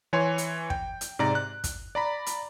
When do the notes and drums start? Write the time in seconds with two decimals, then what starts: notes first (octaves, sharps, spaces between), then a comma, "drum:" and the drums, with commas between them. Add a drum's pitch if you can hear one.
0.13 E3 C#5 G#5 C6
0.38 drum: hi-hat
0.70 G5, drum: kick
1.01 drum: hi-hat
1.19 G#2 C3 D5 A#5
1.35 F#6
1.64 drum: kick, hi-hat
1.95 D5 A#5 B5
2.26 drum: hi-hat